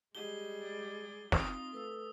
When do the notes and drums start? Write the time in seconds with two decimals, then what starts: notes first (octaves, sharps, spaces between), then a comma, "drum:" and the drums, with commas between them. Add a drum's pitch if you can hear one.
0.15 G3 G#3 G4 G#4 D#5 G7
0.63 G#3 D5
1.32 C4 D#4 F4 D#6, drum: snare
1.72 A3 A4 B4 E6